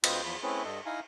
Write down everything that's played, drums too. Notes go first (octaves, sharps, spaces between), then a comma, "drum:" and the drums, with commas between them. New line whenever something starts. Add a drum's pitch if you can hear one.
D2 C4 F4 B4 D#5 G6, drum: cymbal
E2 F3 B5
A3 C4 C#4 E4 G#4 B4
G2 A4 D#5 E6
D#4 E4 F5 G#5 A#5